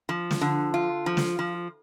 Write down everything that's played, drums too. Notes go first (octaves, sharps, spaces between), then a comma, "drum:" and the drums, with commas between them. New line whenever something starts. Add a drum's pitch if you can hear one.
F3
drum: snare
D3
F4
F3
drum: snare
F3